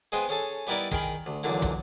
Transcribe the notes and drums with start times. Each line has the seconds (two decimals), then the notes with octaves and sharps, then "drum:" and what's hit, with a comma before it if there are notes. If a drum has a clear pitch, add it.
0.12 G#3 B3 G#4 C5 D#5 G5
0.29 C#4 G#4 A4
0.67 G3 B3 D#4 E4 A#4 D5
0.92 D#3 G#4 A#4 G5 B5, drum: kick
1.26 D2
1.43 B1 E2 A#2 D3 A#3
1.62 drum: kick